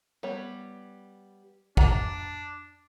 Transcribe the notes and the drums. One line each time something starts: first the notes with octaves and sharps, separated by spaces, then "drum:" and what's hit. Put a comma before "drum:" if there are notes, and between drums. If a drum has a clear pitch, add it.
G3 B3 C#5
D4 F#5 A#5, drum: kick